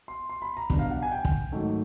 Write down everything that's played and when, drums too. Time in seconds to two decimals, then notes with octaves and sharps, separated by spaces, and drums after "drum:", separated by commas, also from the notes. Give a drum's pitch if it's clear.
0.08 C6
0.29 C6
0.42 B5
0.57 A#5
0.70 B2 G3 B3 D4, drum: kick
0.79 F5
0.91 F#5
1.03 G#5
1.11 G5
1.25 drum: kick
1.52 G#2 D#3 F#3 A3